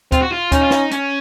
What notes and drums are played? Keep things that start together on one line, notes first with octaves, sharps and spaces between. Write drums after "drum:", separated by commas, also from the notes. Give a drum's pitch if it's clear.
C4 F4, drum: kick D2, hi-hat
F#4
F4
C#4 D#4, drum: kick D2, hi-hat
F4
D#4, drum: snare
C#4, drum: hi-hat